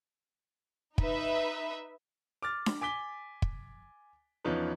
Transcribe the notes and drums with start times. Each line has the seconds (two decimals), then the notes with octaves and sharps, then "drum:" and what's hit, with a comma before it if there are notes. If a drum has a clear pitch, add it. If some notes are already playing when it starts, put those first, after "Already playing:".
0.98 D#4 B4 E5, drum: kick
2.42 D6 F6 A6
2.66 drum: snare D4
2.81 G#5 D6 B6 G7
3.42 drum: kick
4.44 E2 F3 C#4 D#4 B4